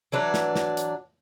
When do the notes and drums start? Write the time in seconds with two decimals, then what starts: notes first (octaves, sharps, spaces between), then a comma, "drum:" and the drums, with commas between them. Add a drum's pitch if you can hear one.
0.12 E3 F#3 D4 B4
0.34 drum: snare
0.56 drum: snare
0.77 drum: hi-hat